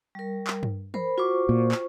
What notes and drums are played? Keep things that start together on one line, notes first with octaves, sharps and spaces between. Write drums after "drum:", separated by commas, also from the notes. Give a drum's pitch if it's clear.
G3 A#4
drum: clap
drum: tom G2
A#4 C5 B5, drum: tom E3
F4 F#4 C5 C#6 D6
A#2
drum: clap